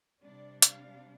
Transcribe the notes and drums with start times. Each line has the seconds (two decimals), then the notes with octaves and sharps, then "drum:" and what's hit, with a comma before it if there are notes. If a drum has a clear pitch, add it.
0.23 C3 G3 D4 D5
0.62 F5, drum: hi-hat